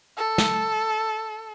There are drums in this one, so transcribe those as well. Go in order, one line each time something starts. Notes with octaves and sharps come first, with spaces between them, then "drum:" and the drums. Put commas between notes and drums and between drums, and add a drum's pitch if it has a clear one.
A4
drum: snare